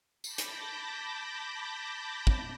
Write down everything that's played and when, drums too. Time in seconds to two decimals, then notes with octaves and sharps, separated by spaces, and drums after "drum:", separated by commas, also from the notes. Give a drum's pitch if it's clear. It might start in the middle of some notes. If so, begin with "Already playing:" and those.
0.24 A5 B5 D6 G6 A#6, drum: tambourine
0.38 drum: hi-hat
2.27 drum: kick